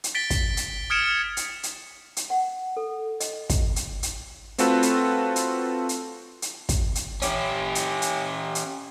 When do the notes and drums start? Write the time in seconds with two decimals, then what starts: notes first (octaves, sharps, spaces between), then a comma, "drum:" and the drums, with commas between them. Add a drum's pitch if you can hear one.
0.04 drum: hi-hat
0.15 A6 B6 D7 G7
0.30 drum: kick, hi-hat
0.57 drum: hi-hat
0.90 D#6 F6 G#6 C#7 D7 E7
1.37 drum: hi-hat
1.63 drum: hi-hat
2.17 drum: hi-hat
2.30 F#5
2.77 A4
3.20 D#5, drum: hi-hat
3.50 drum: kick, hi-hat
3.76 drum: hi-hat
4.03 drum: hi-hat
4.58 A3 C4 F4 F#4 A4 B4, drum: hi-hat
4.83 drum: hi-hat
5.36 drum: hi-hat
5.89 drum: hi-hat
6.42 drum: hi-hat
6.69 drum: kick, hi-hat
6.95 drum: hi-hat
7.22 C#4 G4, drum: hi-hat
7.75 drum: hi-hat
8.02 drum: hi-hat
8.55 drum: hi-hat